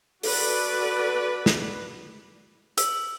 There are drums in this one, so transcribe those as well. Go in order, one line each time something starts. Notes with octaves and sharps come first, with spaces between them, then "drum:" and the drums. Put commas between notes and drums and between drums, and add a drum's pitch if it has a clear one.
F#4 A4 B4 D5, drum: open hi-hat
drum: snare
E6, drum: hi-hat